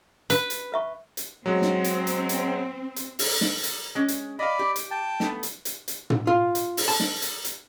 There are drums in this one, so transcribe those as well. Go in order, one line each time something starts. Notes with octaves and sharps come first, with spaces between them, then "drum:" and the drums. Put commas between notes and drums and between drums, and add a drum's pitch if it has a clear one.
B4, drum: hi-hat
drum: hi-hat
B4 E5 C#6
drum: hi-hat
F#3 G#3 C4
drum: snare
drum: hi-hat
drum: hi-hat
drum: hi-hat
drum: hi-hat
drum: open hi-hat
drum: snare
drum: hi-hat
G#3 C#4
drum: hi-hat
D5 D#5 F5 B5
G4
drum: hi-hat
G5 A5
A3 B3, drum: snare
drum: hi-hat
drum: hi-hat
drum: hi-hat
drum: tom
F4
drum: hi-hat
drum: open hi-hat
A5
drum: snare
drum: hi-hat
drum: hi-hat